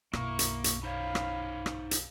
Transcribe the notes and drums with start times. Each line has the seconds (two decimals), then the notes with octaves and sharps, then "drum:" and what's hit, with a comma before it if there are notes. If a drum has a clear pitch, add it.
0.13 B1 F#2 A#3 E4 C#6, drum: rim click
0.39 drum: hi-hat
0.64 drum: hi-hat
0.83 D#4 C5 C#5 F5 B5
1.15 drum: rim click
1.66 drum: rim click
1.91 drum: hi-hat